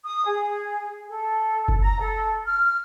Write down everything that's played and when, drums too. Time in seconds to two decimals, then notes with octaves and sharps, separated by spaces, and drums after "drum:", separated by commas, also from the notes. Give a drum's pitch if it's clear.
0.04 D#6
0.25 G#4
1.08 A4
1.68 drum: kick F#1
1.81 A#5
2.00 A4
2.45 F6